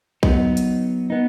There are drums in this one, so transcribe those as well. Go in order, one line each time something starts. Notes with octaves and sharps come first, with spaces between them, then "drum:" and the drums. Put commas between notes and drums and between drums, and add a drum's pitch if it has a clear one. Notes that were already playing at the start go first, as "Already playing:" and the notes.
F#3 B3 D#4, drum: kick
drum: hi-hat
B3 D#4